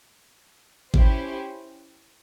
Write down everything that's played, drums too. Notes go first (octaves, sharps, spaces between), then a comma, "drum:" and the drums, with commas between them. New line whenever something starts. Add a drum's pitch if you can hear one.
C#4 E4 G4 C5, drum: kick G#1